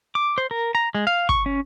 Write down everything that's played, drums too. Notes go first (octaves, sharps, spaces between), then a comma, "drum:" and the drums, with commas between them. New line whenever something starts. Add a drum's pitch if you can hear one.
D6
C5
A#4
A#5
G#3
F5
C#6, drum: kick
C#4